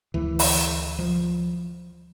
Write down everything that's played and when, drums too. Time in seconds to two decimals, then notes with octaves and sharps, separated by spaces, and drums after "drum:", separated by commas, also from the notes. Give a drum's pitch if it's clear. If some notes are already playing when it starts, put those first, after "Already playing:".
0.14 D2 D3 E3
0.39 drum: open hi-hat
0.99 F3